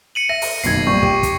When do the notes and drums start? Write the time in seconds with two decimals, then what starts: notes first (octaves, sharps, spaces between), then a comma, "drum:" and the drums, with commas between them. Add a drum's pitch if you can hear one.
0.15 C#7 D#7 F#7
0.29 E5 A#6
0.42 drum: open hi-hat
0.63 F#1 B1 D#3 G#6 C7, drum: hi-hat
0.87 A#1 G3 C#6 G6
1.03 G4, drum: kick
1.23 drum: kick, hi-hat